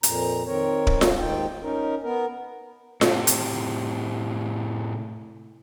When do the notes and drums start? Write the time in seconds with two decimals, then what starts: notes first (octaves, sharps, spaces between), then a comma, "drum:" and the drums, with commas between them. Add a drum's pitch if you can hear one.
0.03 F2 A#2 A#5, drum: hi-hat
0.47 D#3 C4 A#4 C#5
0.87 drum: kick D1
1.01 drum: snare F4
1.18 D#2 G#2 D#3 D#4 F4 G5
1.62 C#4 D#4 A#4
2.04 B3 A#4
3.01 A2 C3, drum: snare F4
3.27 drum: hi-hat